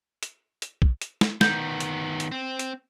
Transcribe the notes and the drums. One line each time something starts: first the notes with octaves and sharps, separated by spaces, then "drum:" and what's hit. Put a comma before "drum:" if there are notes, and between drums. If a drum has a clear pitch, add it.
drum: hi-hat
drum: hi-hat
drum: kick A#1
drum: hi-hat
drum: snare
D#3 B3 G6, drum: snare
drum: hi-hat
drum: hi-hat
C4
drum: hi-hat